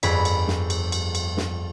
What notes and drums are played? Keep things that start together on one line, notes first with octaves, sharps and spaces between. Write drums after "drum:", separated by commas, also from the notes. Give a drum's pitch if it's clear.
G1 F2 G#4 B5, drum: cymbal
drum: cymbal
drum: snare
drum: cymbal
drum: cymbal
drum: cymbal
drum: snare